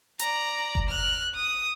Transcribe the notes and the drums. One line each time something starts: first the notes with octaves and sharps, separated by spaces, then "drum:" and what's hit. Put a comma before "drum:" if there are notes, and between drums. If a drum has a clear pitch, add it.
D5 A#5, drum: hi-hat
drum: kick F#1
F6 F#6
D#6